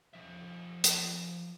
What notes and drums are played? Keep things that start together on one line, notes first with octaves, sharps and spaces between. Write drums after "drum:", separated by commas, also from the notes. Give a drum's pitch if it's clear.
F3 E5
drum: hi-hat